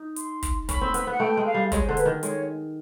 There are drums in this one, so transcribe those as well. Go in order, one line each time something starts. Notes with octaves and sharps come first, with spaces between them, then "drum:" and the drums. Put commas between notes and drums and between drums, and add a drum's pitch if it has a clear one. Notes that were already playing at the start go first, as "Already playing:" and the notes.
Already playing: D#4
C6, drum: hi-hat
drum: kick, hi-hat
C#4 B5, drum: kick, hi-hat
C4
B3, drum: hi-hat
B3 F#5
A3 G5
G#3
F5
G3
G#3 C#5, drum: kick, hi-hat
C5
D3
B4, drum: hi-hat
D#3
G#3 C#5, drum: hi-hat